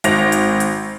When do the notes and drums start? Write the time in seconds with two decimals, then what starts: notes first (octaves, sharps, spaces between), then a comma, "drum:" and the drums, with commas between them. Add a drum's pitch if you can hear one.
0.04 G#1 A#6 F7, drum: hi-hat
0.32 drum: hi-hat
0.60 drum: hi-hat